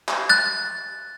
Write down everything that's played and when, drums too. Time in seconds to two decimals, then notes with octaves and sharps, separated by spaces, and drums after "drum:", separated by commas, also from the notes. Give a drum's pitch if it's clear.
0.08 drum: clap
0.29 F#6 A6